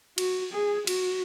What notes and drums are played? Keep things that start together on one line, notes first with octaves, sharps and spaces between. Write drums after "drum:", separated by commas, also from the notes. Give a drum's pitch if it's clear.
F#4, drum: cymbal
G#4
F#4, drum: cymbal